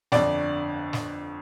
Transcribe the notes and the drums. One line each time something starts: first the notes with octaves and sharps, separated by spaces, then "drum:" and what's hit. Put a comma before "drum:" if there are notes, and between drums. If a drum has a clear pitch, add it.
G1 F2 D3 D5, drum: snare
drum: snare